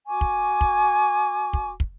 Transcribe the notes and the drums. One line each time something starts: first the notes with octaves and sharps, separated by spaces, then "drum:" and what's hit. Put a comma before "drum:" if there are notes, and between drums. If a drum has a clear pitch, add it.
F#4 G#5 C#6 D6
drum: kick
drum: kick
drum: kick
drum: kick